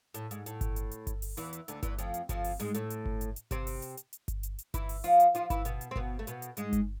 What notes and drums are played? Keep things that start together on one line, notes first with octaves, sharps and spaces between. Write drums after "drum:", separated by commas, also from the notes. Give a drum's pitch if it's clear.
A2, drum: hi-hat
G#2, drum: hi-hat
A2, drum: hi-hat
drum: kick G1, hi-hat
drum: hi-hat
drum: hi-hat
drum: kick G1, hi-hat
drum: open hi-hat
E2 E3, drum: hi-hat
drum: hi-hat
D2 D3, drum: hi-hat
E2 E3, drum: kick G1, hi-hat
F2 F3, drum: hi-hat
drum: hi-hat
F2 F3, drum: kick G1, hi-hat
drum: open hi-hat
G#2 G#3, drum: hi-hat
A2 A3, drum: hi-hat
drum: hi-hat
drum: kick G1
drum: hi-hat
drum: hi-hat
C3 C4, drum: kick G1, hi-hat
drum: open hi-hat
drum: hi-hat
drum: hi-hat
drum: hi-hat
drum: kick G1, hi-hat
drum: hi-hat
drum: hi-hat
E3 E4, drum: kick G1, hi-hat
drum: open hi-hat
F3 F4, drum: hi-hat
drum: hi-hat
F3 F4, drum: hi-hat
E3 E4, drum: kick G1, hi-hat
B2 B3, drum: hi-hat
drum: hi-hat
C4
B2 B3, drum: kick G1
A3
B2 B3, drum: hi-hat
drum: hi-hat
G#2 G#3, drum: hi-hat
drum: kick G1, hi-hat